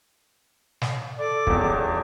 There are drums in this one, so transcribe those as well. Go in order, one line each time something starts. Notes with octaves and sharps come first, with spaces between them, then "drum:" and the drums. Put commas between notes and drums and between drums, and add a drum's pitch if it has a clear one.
drum: snare
A4 D5 D6
D#1 E2, drum: kick